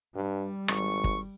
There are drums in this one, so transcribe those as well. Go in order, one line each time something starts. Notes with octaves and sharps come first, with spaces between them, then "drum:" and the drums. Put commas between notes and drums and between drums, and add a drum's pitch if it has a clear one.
G2 G3
G#1 C#6, drum: rim click
drum: kick G1